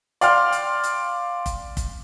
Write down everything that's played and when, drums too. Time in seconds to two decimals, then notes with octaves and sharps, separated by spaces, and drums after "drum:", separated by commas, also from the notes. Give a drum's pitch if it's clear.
0.21 D5 F5 G5 C6 F6, drum: hi-hat
0.52 drum: hi-hat
0.84 drum: hi-hat
1.46 drum: kick, hi-hat
1.77 drum: kick, hi-hat